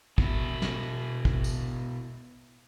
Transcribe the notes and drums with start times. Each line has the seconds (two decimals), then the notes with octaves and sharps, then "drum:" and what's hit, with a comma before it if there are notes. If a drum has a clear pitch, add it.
0.18 B2 E4, drum: kick
0.62 drum: snare
1.25 drum: kick
1.44 drum: tambourine